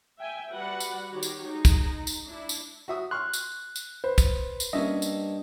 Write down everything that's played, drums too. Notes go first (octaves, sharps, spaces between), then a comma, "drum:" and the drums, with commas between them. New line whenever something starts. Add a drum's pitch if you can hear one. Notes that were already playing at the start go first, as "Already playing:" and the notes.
E5 G5 G#5
G3 F#4 B4 D5 F#5
drum: tambourine
D#3 D#4 F#4 G4 C#5
drum: tambourine
G#3 D#4
drum: kick, tambourine
drum: tambourine
D4 E4
drum: tambourine
F#4 E5 D#6
C6 C#6 F6 F#6
drum: tambourine
drum: tambourine
B4 C5
drum: kick, tambourine
drum: tambourine
G2 A#3 C#4 D#5 E5
drum: tambourine